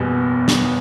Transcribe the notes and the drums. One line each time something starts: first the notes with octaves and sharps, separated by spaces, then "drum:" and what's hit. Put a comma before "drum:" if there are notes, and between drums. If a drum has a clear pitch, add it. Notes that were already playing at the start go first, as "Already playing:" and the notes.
Already playing: F#1 E2 B2 G3
drum: snare